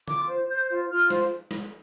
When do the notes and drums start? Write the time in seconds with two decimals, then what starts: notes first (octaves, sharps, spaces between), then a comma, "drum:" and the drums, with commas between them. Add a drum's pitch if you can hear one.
0.08 F4 D6, drum: tom D3
0.28 C5
0.49 C5 G6
0.70 F4
0.90 F4 F6
1.10 C5, drum: snare
1.51 drum: snare